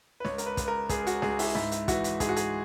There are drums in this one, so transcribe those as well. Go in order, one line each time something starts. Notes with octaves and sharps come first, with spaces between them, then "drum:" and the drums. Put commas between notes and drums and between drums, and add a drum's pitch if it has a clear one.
B4
C#2 C#5, drum: snare
A#4, drum: hi-hat
B4
C#2, drum: kick, hi-hat
A#4
C#2 G#4, drum: kick, hi-hat
F#4, drum: hi-hat
C#2 G#4, drum: snare
E4, drum: open hi-hat
G#2 E4, drum: snare
drum: hi-hat
E3 F#4, drum: kick, hi-hat
drum: hi-hat
G#2 G#4, drum: kick, hi-hat
F#4
G#4, drum: hi-hat